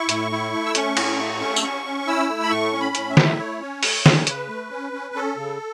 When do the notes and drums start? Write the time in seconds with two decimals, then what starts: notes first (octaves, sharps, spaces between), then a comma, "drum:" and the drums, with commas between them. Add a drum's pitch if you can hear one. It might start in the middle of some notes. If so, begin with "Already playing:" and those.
Already playing: E4 C#6
0.09 A2, drum: hi-hat
0.31 E4
0.54 A3
0.66 E6
0.75 C#4 C#6, drum: hi-hat
0.97 A2, drum: cymbal
1.19 A3
1.40 C#4
1.56 E6, drum: tambourine
1.62 C#4 C#6
1.85 C#4
2.07 E4 E6
2.29 A3
2.43 B5
2.50 A2 C#6
2.73 C#4
2.80 B5
2.95 A2, drum: hi-hat
3.10 E5
3.17 E4, drum: snare
3.38 A3 C#5
3.61 C#4
3.83 A3, drum: open hi-hat
4.06 C#4, drum: snare
4.27 C#3 B4, drum: hi-hat
4.48 A3
4.70 C#4
4.93 C#4
5.15 C#4 A4
5.37 C#3